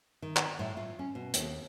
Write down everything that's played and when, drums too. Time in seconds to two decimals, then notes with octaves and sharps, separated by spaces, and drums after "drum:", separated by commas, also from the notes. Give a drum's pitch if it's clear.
0.22 D#3
0.37 drum: clap
0.59 A2
0.77 F4
0.99 C#4
1.15 B2
1.34 D#2, drum: hi-hat